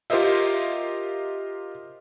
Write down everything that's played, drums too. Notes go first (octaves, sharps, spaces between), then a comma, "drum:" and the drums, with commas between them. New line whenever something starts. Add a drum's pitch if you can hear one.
F4 G4 A#4 C5 D#5 E5, drum: open hi-hat